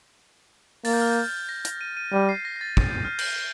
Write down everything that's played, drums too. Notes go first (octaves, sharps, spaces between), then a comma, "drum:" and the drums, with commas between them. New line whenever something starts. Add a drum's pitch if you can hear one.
A#3 A6, drum: open hi-hat
G6
F6
G6
A#6
A#6, drum: hi-hat
D#7
D#7
G3 D#7
C7
A#6
A#6
A6
A6, drum: kick
G6
F6
G6, drum: cymbal